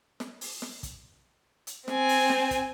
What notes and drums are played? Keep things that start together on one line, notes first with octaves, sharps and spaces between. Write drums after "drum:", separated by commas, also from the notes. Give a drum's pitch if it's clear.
drum: snare
drum: open hi-hat
drum: snare
drum: kick, hi-hat
drum: hi-hat
C4 G#5, drum: snare
drum: open hi-hat
drum: snare
drum: kick, hi-hat